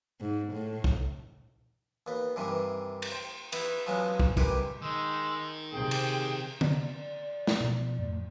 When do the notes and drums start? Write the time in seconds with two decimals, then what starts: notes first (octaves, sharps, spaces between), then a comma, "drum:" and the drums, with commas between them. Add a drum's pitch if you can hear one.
0.21 G#2
0.52 A2
0.84 drum: kick
2.07 D#2 B3
2.36 G2 C3 D#3 E3
3.02 drum: cymbal
3.12 C5 G5
3.52 B3 E4 F#5, drum: cymbal
3.86 F3 F#3 G#3 B3 C#4
4.20 drum: kick
4.37 C3 D#3 G3 G4 B4 G#5, drum: kick
4.82 D#3 G#3 E6
5.72 C3 G#4 G5
5.91 drum: cymbal
6.61 D5, drum: tom D3
7.47 drum: snare
7.60 B2 F3
7.98 F2 A2